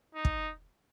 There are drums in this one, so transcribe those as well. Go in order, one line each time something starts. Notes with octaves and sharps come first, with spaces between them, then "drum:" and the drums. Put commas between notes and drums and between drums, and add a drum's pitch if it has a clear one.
D#4
drum: kick